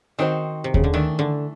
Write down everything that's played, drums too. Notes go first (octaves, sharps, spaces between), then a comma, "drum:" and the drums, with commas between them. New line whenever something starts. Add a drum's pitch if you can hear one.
D#3 C4 D#4 F#4 A4 C5
C3
C#3, drum: kick D#2
D3
D#3 E3 A3 D4
D3